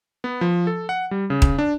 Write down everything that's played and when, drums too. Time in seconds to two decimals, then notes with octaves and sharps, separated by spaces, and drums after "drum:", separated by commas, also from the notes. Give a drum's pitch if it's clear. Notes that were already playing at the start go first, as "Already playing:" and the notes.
0.24 B3
0.41 F3
0.67 A4
0.89 F#5
1.11 G3
1.30 C#3
1.42 drum: kick D#1
1.58 D4